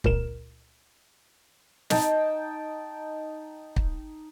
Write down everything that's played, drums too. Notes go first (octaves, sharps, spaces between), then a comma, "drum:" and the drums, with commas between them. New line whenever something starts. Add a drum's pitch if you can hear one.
C#2 A#2 A#4 E7, drum: kick
D#4 G5 A5, drum: snare
drum: kick